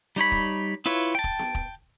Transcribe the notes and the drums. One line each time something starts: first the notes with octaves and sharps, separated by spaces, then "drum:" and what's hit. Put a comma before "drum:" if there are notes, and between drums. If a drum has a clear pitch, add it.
G3 D#4 C#5 B5
drum: kick
E4 F4 B4 C#5
G5 A5
drum: kick
drum: snare B3
drum: kick